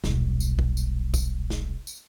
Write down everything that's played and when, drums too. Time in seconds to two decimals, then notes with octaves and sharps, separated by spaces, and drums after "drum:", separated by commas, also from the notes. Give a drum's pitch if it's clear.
0.04 D#1 B1, drum: snare
0.40 drum: tambourine
0.59 drum: kick
0.77 drum: tambourine
1.14 drum: kick, tambourine
1.50 drum: snare
1.87 drum: tambourine